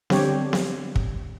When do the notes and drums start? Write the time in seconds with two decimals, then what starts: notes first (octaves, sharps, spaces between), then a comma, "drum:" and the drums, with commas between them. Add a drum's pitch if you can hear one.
0.10 D3 G3 C4 G4 C#5, drum: snare B3
0.53 drum: snare B3
0.96 drum: kick